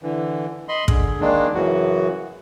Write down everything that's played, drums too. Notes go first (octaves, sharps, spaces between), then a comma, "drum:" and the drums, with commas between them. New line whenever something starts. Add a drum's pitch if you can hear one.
D3 E3
D#5 B5 C6
D3 G#4, drum: kick
D#3 G#3 A#3 D4
F#2 C#3 E3 F#4